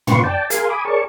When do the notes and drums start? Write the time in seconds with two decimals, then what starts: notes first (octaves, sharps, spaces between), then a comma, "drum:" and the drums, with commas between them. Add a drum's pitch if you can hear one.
0.07 A#2 C#3 F4 B4 C6 C#6, drum: tom
0.24 D5 G5 A5
0.50 G#4 A#4 F5 G#5 C6, drum: hi-hat
0.69 G#5 B5 D6 D#6
0.85 G#4 A#4 C#5 D5 A5 C#6